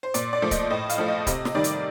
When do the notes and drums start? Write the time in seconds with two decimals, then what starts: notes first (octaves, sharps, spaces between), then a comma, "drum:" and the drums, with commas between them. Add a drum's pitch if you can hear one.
0.03 C5
0.14 A#2 D5, drum: hi-hat
0.33 D5
0.42 F3 A3
0.51 D#5, drum: kick D1, hi-hat
0.70 A2 D#5
0.89 F5, drum: hi-hat
0.98 F3 A3
1.08 D#5
1.27 C3 D#5, drum: kick D1, hi-hat
1.45 drum: snare
1.55 D#3 G3 D5
1.64 drum: hi-hat